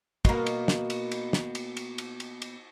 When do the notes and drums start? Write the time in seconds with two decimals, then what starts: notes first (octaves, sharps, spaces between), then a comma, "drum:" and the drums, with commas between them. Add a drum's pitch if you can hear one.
0.25 B2 A#3, drum: kick, cymbal
0.46 drum: cymbal
0.68 drum: snare
0.90 drum: cymbal
1.12 drum: cymbal
1.33 drum: snare
1.55 drum: cymbal
1.77 drum: cymbal
1.98 drum: cymbal
2.20 drum: cymbal
2.42 drum: cymbal